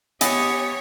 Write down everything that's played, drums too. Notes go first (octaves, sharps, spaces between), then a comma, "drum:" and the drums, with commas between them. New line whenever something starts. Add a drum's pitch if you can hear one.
B3 G4 C#5 D#5 G#5, drum: hi-hat